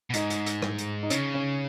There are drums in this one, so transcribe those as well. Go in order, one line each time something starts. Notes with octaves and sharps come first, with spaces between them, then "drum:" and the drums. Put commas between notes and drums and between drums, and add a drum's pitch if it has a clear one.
B2
G#2 D#4, drum: hi-hat
drum: hi-hat
drum: hi-hat
drum: rim click
drum: hi-hat
D#4
C#3 C#4, drum: hi-hat
C#4